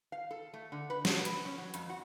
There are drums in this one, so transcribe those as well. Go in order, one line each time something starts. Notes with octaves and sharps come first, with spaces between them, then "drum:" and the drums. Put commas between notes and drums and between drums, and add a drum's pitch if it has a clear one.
F5
A4
A3
D3
B4
F#3, drum: snare
B4, drum: hi-hat
C#4
F#3
F2, drum: hi-hat
F#4